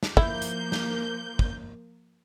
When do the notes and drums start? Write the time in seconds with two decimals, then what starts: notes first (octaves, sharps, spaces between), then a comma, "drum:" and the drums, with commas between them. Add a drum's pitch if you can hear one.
0.03 drum: snare
0.17 F3 A#3 E4 G6, drum: kick
0.42 drum: hi-hat
0.72 drum: snare
1.39 drum: kick